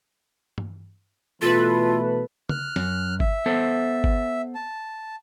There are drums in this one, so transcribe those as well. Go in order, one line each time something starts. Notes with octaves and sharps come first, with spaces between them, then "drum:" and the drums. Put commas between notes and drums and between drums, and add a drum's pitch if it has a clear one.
drum: tom G2
B2 E3 A3 F4 A4 B4
F6 F#6, drum: tom C#3
F#2, drum: snare
E5, drum: kick G1
B3 A4 C5
drum: kick G1
A5